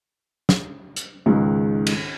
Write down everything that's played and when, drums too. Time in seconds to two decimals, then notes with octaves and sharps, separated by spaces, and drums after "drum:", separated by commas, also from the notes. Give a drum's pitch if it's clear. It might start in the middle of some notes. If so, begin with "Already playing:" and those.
0.49 drum: snare
0.96 drum: hi-hat
1.26 C#2 G#2 D#3
1.87 drum: cymbal